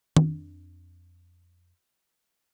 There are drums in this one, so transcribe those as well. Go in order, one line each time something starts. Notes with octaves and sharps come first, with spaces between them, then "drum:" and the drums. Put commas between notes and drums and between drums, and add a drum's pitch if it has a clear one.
F2 D4, drum: tom